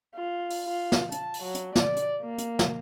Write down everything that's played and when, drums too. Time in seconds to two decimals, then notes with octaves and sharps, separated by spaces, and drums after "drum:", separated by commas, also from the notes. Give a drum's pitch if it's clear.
0.15 F4
0.50 drum: open hi-hat
0.66 F4
0.92 drum: snare
1.12 A5, drum: hi-hat
1.34 drum: open hi-hat
1.43 F#3
1.55 drum: hi-hat
1.75 D5, drum: snare
1.96 drum: hi-hat
2.22 A#3
2.38 drum: hi-hat
2.59 drum: snare